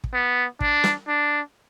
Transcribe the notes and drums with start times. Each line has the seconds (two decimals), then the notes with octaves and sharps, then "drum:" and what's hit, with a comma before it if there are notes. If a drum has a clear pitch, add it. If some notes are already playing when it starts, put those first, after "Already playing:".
0.04 drum: kick
0.13 B3
0.61 D4, drum: kick
0.84 drum: snare
1.08 D4